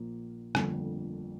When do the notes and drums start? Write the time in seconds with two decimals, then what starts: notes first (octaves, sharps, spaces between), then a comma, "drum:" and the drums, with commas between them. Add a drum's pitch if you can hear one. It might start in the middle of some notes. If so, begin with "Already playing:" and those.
Already playing: A#1 A#2 F3 A#3 F4
0.55 G1 F2 D3 A#3, drum: rim click